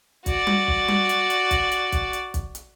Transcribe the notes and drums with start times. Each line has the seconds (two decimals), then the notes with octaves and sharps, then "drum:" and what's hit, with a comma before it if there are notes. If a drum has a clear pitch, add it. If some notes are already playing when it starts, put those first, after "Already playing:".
0.26 F#4 D5, drum: kick, hi-hat
0.47 drum: tom G3
0.68 drum: kick
0.88 drum: tom G3
1.09 drum: hi-hat
1.30 drum: hi-hat
1.51 drum: kick, hi-hat
1.72 drum: hi-hat
1.92 drum: kick, hi-hat
2.13 drum: hi-hat
2.34 drum: kick, hi-hat
2.55 drum: hi-hat